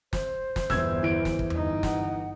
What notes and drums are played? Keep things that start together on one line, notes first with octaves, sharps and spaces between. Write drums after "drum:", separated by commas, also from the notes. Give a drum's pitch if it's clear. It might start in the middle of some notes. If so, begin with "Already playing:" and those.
C5, drum: snare
drum: snare
G1 E2 E6 G#6, drum: snare
E3 D7
drum: snare
drum: kick
G1 D#4, drum: tom E2
F#5, drum: snare